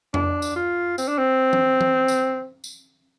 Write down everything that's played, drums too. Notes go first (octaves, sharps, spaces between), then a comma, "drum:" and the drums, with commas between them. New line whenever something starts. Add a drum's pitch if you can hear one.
D4, drum: tom F2
drum: tambourine
F4
C4, drum: tambourine
D4
C4
drum: tom F3
drum: tom F3
drum: tambourine
drum: tambourine